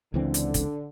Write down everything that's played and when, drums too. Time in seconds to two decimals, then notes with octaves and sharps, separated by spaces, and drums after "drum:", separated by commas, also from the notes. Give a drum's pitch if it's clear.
0.14 C#2 D3 E3 C4
0.34 drum: hi-hat
0.54 drum: kick, hi-hat